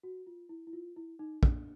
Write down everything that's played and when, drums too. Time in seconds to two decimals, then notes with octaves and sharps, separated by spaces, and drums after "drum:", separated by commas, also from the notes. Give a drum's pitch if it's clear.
0.03 F#4
0.27 F4
0.49 E4
0.67 E4
0.73 F4
0.96 E4
1.19 D#4
1.43 D4, drum: kick